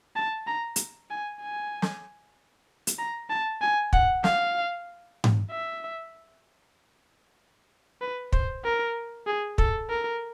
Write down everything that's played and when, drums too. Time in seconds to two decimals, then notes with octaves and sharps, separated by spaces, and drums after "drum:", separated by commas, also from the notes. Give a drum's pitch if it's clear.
0.16 A5
0.47 A#5
0.76 drum: hi-hat
1.10 G#5
1.41 G#5
1.82 drum: snare
2.87 drum: hi-hat
2.98 A#5
3.29 A5
3.61 G#5
3.93 F#5, drum: kick
4.24 F5, drum: snare
5.24 drum: tom G#2
5.50 E5
8.01 B4
8.33 C5, drum: kick
8.64 A#4
9.27 G#4
9.58 A4, drum: kick
9.89 A#4